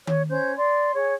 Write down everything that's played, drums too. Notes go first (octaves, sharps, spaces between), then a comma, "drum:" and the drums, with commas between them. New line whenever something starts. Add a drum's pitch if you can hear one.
C#5, drum: tom D#3
C#4 C5 G6
D5 C6
G#4 C#5